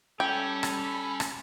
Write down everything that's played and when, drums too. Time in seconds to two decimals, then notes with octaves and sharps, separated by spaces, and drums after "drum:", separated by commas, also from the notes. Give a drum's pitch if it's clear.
0.20 G3 C#4 A4 G5
0.63 drum: rim click
1.20 drum: rim click